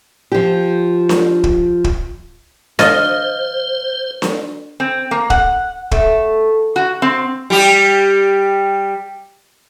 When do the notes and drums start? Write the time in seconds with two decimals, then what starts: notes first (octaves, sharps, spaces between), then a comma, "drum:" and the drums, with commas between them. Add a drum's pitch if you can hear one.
0.32 F3 G4
1.09 drum: snare D4
1.44 drum: kick
1.84 drum: kick
2.79 C5 D#5 F5 F6 A6, drum: snare D4
4.22 drum: snare D4
4.80 C4
5.11 A#3
5.30 F#5, drum: kick
5.91 A3, drum: kick
6.76 F#4
7.02 C4
7.50 G3 G4